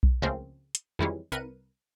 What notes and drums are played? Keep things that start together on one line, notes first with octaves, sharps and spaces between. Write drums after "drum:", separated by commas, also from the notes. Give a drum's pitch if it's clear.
drum: kick B1
C#2 C#3 F3 A3 A#3 C4
drum: hi-hat
F2 D#3 E3 G3 G#3 C#4
C2 A#4 B4 C#7 D#7